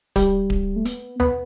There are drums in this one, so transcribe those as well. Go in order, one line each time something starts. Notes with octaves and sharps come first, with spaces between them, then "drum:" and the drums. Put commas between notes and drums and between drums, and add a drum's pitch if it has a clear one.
G3, drum: kick D1, hi-hat
drum: kick D1
A3
B3, drum: hi-hat
B3, drum: tom C#2